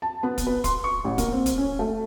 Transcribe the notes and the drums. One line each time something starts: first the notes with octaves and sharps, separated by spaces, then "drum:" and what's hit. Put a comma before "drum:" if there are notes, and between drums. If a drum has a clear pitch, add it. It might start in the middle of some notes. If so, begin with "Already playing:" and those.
A5
B3
drum: kick, hi-hat
B4
C6, drum: kick, hi-hat
C#6
A1
A#3, drum: kick, hi-hat
C4
drum: kick, hi-hat
C#4
A3